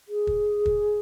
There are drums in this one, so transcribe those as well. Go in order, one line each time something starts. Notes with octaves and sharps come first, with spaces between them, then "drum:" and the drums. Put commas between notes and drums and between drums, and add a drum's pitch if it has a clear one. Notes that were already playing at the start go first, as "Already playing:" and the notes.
G#4
drum: kick
drum: kick